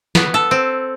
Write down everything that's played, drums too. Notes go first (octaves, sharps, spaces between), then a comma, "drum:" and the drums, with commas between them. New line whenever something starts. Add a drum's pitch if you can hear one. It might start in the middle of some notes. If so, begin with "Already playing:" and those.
B3, drum: snare
A4
C4